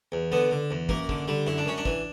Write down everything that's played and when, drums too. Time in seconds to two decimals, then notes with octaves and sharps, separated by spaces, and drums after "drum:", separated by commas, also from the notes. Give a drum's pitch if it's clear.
0.12 E2
0.32 D3 B3
0.51 D3
0.71 E2
0.89 F#2 A#3, drum: kick
1.09 D3, drum: kick
1.28 D3 G3
1.46 F#2 E4
1.58 D4
1.66 F#2 C#4
1.78 D4
1.85 E3, drum: kick